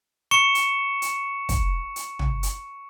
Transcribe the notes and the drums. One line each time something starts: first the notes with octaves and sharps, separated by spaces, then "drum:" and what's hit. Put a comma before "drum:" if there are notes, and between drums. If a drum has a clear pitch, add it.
C#6 C#7 E7
drum: hi-hat
drum: hi-hat
drum: kick, hi-hat
drum: hi-hat
drum: tom
drum: hi-hat